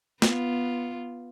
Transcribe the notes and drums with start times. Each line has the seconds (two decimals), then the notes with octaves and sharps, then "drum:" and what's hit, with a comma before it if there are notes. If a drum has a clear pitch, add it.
0.22 B3 F4, drum: snare